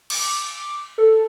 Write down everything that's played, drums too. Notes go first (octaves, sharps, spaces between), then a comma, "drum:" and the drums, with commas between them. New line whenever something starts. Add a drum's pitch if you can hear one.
D6, drum: cymbal
A4